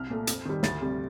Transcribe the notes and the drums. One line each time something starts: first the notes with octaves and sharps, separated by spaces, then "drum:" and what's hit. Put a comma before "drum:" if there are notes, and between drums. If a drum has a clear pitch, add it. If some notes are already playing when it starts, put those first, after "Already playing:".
Already playing: C2 F6
A#2 A3
F2, drum: hi-hat
D#3 G3
D2 A6, drum: snare
C3 G3